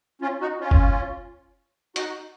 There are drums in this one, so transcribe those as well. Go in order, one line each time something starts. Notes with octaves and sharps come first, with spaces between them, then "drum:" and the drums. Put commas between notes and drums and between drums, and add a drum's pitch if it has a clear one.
C#4 F4
D#4 F#4
C#4 F4
drum: kick F#1
D#4 F#4, drum: hi-hat